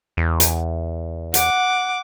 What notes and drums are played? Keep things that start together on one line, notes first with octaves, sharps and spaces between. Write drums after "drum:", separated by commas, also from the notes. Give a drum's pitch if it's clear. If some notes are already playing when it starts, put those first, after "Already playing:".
E2
drum: hi-hat
F#5 D6, drum: hi-hat